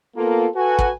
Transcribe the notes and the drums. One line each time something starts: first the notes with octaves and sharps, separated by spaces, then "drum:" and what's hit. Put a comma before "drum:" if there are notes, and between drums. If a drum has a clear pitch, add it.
A#3 B3 F4 A4
F#4 A4 B4 G#5
drum: kick